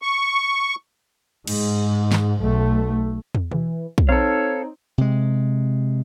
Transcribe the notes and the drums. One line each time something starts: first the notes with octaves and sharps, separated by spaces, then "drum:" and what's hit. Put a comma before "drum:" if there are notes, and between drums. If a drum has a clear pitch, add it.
C#6
G#2, drum: cymbal
drum: snare
B1 A3
drum: tom
E3, drum: tom B2
drum: kick
C4 D#4 A4 C#5 F5
C3 G#3